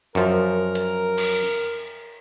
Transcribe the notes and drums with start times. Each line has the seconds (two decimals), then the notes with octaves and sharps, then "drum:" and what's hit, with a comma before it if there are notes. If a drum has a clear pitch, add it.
0.15 F#2 F3 A#4
0.75 drum: hi-hat
1.18 drum: cymbal